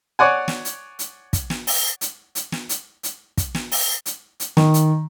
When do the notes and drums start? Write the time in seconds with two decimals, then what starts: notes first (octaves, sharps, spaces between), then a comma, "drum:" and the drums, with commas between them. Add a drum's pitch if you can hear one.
0.19 C#5 D5 F#5 G#5
0.48 drum: snare
0.65 drum: hi-hat
0.99 drum: hi-hat
1.33 drum: kick, hi-hat
1.50 drum: snare
1.67 drum: open hi-hat
2.01 drum: hi-hat
2.35 drum: hi-hat
2.52 drum: snare
2.69 drum: hi-hat
3.03 drum: hi-hat
3.37 drum: kick, hi-hat
3.55 drum: snare
3.72 drum: open hi-hat
4.06 drum: hi-hat
4.40 drum: hi-hat
4.57 D#3, drum: snare
4.74 drum: hi-hat